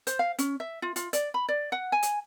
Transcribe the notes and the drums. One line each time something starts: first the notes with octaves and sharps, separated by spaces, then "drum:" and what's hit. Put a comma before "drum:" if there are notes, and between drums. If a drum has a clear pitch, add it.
C5, drum: hi-hat
F5
C#4, drum: hi-hat
E5
F4
F4, drum: hi-hat
D5, drum: hi-hat
B5
D5
F#5
G#5
drum: hi-hat